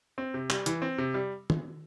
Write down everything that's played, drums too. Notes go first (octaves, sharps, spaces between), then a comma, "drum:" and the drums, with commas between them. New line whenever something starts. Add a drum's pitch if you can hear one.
C4
C3
G3, drum: clap
E3, drum: hi-hat
C4
C3
G3
drum: tom D#3